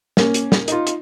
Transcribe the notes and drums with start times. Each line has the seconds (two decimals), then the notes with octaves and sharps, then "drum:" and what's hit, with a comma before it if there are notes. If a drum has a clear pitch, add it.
0.17 A#3 C#4, drum: snare
0.34 drum: hi-hat
0.52 drum: snare
0.68 D#4 F4, drum: hi-hat
0.87 drum: hi-hat